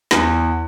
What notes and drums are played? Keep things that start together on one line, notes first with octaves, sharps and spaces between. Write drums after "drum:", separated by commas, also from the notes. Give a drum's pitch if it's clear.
E2, drum: snare